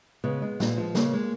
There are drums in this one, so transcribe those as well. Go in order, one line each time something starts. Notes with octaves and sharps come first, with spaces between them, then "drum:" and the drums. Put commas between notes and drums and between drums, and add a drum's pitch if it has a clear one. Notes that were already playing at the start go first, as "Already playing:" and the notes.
C#3 G#3 B3
G#3
A#2, drum: snare
F3 G#3
C#3 A#3, drum: snare
G#3